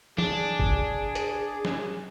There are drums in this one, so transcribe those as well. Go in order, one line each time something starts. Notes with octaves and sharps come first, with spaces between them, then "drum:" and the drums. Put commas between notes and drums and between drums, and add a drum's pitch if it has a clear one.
D4 G#4, drum: tom
drum: kick F#1
drum: hi-hat
drum: snare